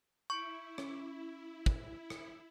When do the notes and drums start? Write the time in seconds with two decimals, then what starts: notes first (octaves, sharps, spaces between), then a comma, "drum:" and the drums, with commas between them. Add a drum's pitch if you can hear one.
0.30 E4 C#6 G6 C#7 D7
0.78 C#4, drum: rim click
1.66 drum: kick
2.10 drum: rim click